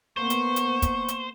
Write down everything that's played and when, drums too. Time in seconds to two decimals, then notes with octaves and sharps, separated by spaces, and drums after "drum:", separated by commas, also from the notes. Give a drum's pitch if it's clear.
0.17 A#3 B3 C5 C#6
0.30 drum: hi-hat
0.56 drum: hi-hat
0.82 drum: kick, hi-hat
1.08 drum: hi-hat